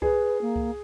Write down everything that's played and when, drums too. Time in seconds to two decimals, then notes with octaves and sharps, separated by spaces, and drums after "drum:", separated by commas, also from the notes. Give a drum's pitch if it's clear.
0.02 G#4 B4, drum: kick C2
0.42 A#3
0.56 drum: kick C2